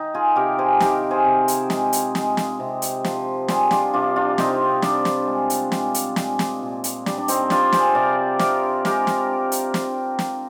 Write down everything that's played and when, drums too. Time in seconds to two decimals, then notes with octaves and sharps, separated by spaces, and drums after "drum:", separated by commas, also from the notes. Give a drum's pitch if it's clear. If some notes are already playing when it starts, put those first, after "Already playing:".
Already playing: D#3 D#4
0.15 F4 G#4
0.36 C3 G4 A#4
0.59 G#4 C5
0.80 D#3 G4 A#4, drum: snare
1.11 G#4 C5
1.25 C3
1.48 drum: hi-hat
1.70 G#3, drum: snare
1.93 drum: hi-hat
2.15 G#3, drum: snare
2.37 drum: snare
2.60 C3
2.82 drum: hi-hat
3.05 F3, drum: snare
3.48 G3 F4 G#4, drum: snare
3.71 D4 F4, drum: snare
3.93 C3 D4 F4
4.16 D4 F4
4.38 C3 C4 D#4, drum: snare
4.82 G3 D4, drum: snare
5.05 drum: snare
5.27 G#3
5.50 drum: hi-hat
5.72 G#3, drum: snare
5.94 drum: hi-hat
6.16 G#3, drum: snare
6.39 drum: snare
6.62 A#2
6.84 drum: hi-hat
7.06 G3 D4, drum: snare
7.18 D4
7.28 C4 D#4, drum: hi-hat
7.50 G3 D4 F4, drum: snare
7.72 G#4 C5, drum: snare
7.95 C3 A#4 D5
8.39 C3 A#4 D5, drum: snare
8.85 G#3 G4 A#4, drum: snare
9.07 drum: snare
9.52 drum: hi-hat
9.74 drum: snare
10.19 drum: snare